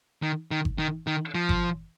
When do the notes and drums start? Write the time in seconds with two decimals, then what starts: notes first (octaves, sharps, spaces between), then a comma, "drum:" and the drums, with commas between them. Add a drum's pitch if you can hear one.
0.23 D#3
0.51 D#3
0.65 drum: kick G1
0.79 D#3
1.07 D#3
1.35 F3
1.49 drum: kick G1